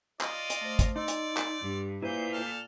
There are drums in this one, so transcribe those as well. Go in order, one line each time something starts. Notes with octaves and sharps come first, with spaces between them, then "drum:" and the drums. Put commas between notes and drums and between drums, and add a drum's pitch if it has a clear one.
F4 D5 D#5, drum: clap
drum: hi-hat
A3 C5
drum: kick, hi-hat
D#4 D5 C6 E6
drum: hi-hat
drum: clap
G2
A#2 A#3 E4 B4 C5 G6
A4 F6